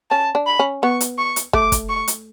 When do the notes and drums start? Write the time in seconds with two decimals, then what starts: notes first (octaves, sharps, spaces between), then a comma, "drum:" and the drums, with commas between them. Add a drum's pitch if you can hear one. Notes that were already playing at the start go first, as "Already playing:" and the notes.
0.11 C#4 A5
0.35 D4
0.46 B5
0.59 C#4
0.83 B3 C#6
1.01 drum: hi-hat
1.18 C#6
1.36 drum: hi-hat
1.53 A3 D6, drum: kick
1.72 drum: kick, hi-hat
1.89 C#6
2.08 drum: hi-hat